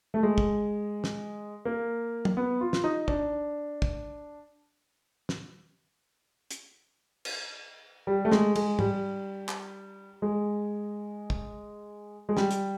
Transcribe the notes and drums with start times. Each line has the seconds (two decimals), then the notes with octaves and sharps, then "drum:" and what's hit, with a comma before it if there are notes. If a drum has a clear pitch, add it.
0.14 A3
0.23 G#3
0.38 drum: kick
1.04 drum: snare
1.65 A#3
2.25 drum: tom
2.37 B3
2.61 F4
2.73 drum: snare
2.84 D#4
3.08 D4, drum: kick
3.82 drum: kick
5.29 drum: snare
6.51 drum: hi-hat
7.25 drum: cymbal
8.07 G3
8.25 A3
8.32 G#3, drum: snare
8.56 G#3, drum: cymbal
8.79 G3, drum: tom G#2
9.49 drum: clap
10.22 G#3
11.30 drum: kick
12.29 G#3
12.37 G3, drum: snare
12.51 drum: hi-hat